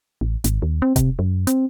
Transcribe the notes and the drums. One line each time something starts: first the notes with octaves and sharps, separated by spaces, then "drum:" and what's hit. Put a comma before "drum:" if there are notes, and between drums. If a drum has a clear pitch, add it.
A1
G#1, drum: hi-hat
D#2
C4
C3, drum: kick F1, hi-hat
F#2
C4, drum: hi-hat